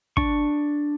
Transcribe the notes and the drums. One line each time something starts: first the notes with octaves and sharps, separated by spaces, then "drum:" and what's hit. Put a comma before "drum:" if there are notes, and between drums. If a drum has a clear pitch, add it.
D4 C#6, drum: kick